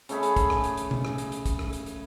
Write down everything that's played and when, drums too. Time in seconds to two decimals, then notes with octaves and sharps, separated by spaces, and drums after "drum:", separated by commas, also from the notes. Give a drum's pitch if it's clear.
0.09 C#3 A3 G#4 B5, drum: hi-hat
0.23 drum: hi-hat
0.36 drum: kick, hi-hat
0.50 drum: rim click
0.64 drum: hi-hat
0.77 drum: hi-hat
0.91 drum: tom B2
1.05 drum: rim click
1.18 drum: hi-hat
1.32 drum: hi-hat
1.46 drum: kick, hi-hat
1.59 drum: rim click
1.73 drum: hi-hat
1.86 drum: hi-hat